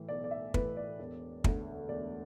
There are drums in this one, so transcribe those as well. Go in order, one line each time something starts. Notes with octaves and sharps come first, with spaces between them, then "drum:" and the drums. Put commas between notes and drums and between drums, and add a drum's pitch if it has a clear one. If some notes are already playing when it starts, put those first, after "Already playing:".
Already playing: A2 E3
B1 D5
D5
E5
A2 E3 B4, drum: kick
D5
E1
D2 D3, drum: kick
E1 D5